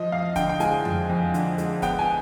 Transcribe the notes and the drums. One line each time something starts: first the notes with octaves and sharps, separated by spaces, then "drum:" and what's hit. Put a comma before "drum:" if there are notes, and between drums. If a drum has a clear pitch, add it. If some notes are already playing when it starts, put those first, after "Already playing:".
Already playing: F3 D#5
F2 F5
D3 G5, drum: kick, hi-hat
G5
G#3 G#5, drum: hi-hat
F3, drum: tom F2
F2
D3, drum: hi-hat
G#3, drum: hi-hat
B3 G5, drum: kick, hi-hat
G#5